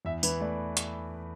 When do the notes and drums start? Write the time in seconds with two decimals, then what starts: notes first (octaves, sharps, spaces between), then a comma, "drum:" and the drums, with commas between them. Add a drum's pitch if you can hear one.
0.05 E2 E5
0.23 E3 B4, drum: tambourine
0.40 A3 D5
0.77 drum: hi-hat